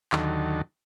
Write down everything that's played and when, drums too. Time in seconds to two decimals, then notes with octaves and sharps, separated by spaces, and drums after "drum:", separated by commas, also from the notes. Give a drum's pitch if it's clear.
0.13 D#2 D3 D#3 F#3 A4, drum: clap